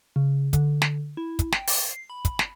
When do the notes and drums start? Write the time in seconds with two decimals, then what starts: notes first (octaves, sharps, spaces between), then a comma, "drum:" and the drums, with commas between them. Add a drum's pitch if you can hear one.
0.16 C#3
0.53 D3, drum: kick, hi-hat
0.82 drum: snare
1.17 E4
1.39 drum: kick, hi-hat
1.52 G5, drum: snare
1.67 drum: open hi-hat
1.89 C7
2.10 B5
2.25 drum: kick, hi-hat
2.39 drum: snare